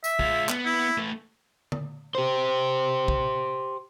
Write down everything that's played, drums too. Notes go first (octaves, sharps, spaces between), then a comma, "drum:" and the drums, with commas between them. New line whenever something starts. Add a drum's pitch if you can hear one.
E5, drum: tambourine
G#3 F4, drum: kick
B3, drum: clap
E4
A3 B4
drum: tom D3
G4 C5
drum: kick